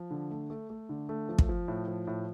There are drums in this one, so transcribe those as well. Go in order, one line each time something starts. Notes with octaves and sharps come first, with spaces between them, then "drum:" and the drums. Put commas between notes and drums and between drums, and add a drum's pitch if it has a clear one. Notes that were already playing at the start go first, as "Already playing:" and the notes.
Already playing: F3
D3
A3
A3
A3
D3
A3
F3
drum: kick
F3
A2
F3
A2